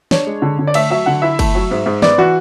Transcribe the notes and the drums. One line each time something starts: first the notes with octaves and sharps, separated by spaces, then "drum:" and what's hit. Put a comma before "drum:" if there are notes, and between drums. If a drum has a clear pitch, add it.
D4 C#5, drum: snare
G#3
D3
D3
D5
A3 E5, drum: cymbal
F#3 E5
D3 F#5
E4 E5
A3, drum: kick, cymbal
F#3
G#2
G#2
B3 D5, drum: snare
E3 F#4